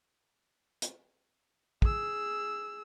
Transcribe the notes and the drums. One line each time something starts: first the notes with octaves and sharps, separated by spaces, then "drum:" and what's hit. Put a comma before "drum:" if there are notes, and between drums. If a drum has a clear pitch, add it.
drum: hi-hat
G#4 E6, drum: kick